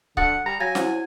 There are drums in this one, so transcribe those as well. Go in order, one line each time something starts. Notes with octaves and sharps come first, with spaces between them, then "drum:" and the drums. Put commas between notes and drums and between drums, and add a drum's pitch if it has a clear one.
D3 F#5 D#6 A6 C#7, drum: kick C#1
G3 A#5
F#3 F5 G#5 A6 A#6
E4 C5 F#5, drum: snare